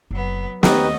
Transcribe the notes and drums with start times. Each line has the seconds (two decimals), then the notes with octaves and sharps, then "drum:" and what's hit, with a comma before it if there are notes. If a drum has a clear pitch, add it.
0.11 F#1 F#3 B3
0.63 D#2 A3 C#4 D#4 F#4 G4 B4 D#5, drum: snare